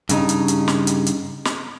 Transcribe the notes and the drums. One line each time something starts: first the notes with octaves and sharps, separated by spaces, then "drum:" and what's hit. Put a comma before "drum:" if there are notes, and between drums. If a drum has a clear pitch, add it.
G2 C#3 D#4, drum: hi-hat
drum: hi-hat
drum: hi-hat
drum: snare
drum: hi-hat
drum: hi-hat
drum: snare